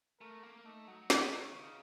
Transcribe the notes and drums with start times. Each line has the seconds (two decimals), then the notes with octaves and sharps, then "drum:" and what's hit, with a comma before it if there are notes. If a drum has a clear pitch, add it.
0.21 A3 A#4
0.43 A#3
0.65 A3 D#4
0.88 F#3
1.10 D#3 D#4, drum: snare
1.55 C#3